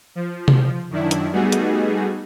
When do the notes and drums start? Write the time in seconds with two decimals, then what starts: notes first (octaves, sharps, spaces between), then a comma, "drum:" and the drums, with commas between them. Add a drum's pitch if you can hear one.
0.15 F3
0.48 drum: tom C3
0.90 F#2 D#3 D4 E4
1.11 drum: hi-hat
1.32 G3 A3 B3 D#4 F#4 G#4
1.52 drum: hi-hat